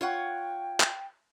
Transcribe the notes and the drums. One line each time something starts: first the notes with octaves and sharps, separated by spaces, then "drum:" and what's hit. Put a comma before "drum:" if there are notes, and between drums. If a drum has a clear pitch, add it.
F4 C#5 F#5 G5
drum: clap